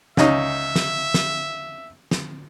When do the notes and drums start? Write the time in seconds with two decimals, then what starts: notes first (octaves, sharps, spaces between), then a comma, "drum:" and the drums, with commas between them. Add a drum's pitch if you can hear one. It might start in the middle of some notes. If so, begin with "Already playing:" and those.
0.17 C#2 C#4 D#4 E5, drum: snare
0.76 drum: snare
1.14 drum: snare
2.11 drum: snare